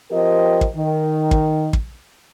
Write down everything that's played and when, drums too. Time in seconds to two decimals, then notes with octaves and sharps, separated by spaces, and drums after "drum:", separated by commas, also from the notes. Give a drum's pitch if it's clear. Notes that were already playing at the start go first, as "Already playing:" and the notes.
0.11 F3 C4 G4 A#4 D#5
0.61 drum: kick
0.75 D#3
1.31 drum: kick
1.73 drum: kick